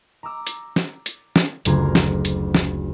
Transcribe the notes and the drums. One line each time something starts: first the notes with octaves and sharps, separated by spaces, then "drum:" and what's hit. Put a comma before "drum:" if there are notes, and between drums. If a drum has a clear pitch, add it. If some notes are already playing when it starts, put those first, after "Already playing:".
A#5 D6 E6
drum: hi-hat
drum: snare
drum: hi-hat
drum: snare
F#1 D2 F4 A#5 G#6, drum: hi-hat
drum: snare
drum: hi-hat
drum: snare